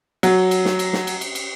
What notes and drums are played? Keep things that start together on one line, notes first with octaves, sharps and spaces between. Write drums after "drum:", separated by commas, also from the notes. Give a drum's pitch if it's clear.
F#3, drum: cymbal
drum: cymbal
drum: snare
drum: cymbal
drum: snare
drum: cymbal
drum: cymbal
drum: cymbal